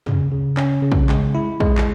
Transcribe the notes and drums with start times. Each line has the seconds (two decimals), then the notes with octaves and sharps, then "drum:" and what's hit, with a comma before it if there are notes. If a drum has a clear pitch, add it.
0.06 C#3, drum: tom
0.31 C#3
0.57 C#4, drum: clap
0.82 C#3
0.92 drum: kick
1.09 G#3, drum: clap
1.35 E4
1.60 G#3, drum: kick
1.78 drum: clap